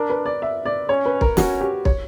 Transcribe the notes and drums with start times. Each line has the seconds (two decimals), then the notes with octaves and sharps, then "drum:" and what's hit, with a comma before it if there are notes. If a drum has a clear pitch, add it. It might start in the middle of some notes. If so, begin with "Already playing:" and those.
Already playing: D4 A#4
0.10 B4
0.26 D5
0.42 E5
0.65 D5
0.89 C#4 C#5
1.05 B4
1.21 A#4, drum: kick
1.37 C#4 F#4, drum: snare
1.61 G4
1.85 C#5, drum: kick